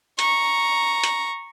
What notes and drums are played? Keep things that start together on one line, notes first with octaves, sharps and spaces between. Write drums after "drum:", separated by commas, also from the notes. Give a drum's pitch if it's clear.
A#5 C#6, drum: hi-hat
drum: hi-hat